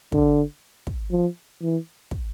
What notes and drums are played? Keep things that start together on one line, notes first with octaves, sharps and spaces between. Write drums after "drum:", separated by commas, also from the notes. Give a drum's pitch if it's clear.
D3, drum: kick
drum: kick
F3
E3
drum: kick